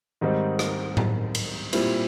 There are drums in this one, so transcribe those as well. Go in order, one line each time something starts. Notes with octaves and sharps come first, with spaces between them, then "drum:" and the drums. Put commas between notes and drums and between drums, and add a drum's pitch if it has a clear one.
G#2 D#3 G3 C4 D#4
drum: rim click
drum: tom A2
drum: cymbal
A#2 G3 C4 E4, drum: cymbal